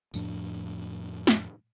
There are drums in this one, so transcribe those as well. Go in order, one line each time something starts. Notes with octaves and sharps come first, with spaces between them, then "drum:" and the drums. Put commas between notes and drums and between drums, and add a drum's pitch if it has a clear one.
F2 A2 F3 D4, drum: tambourine
drum: snare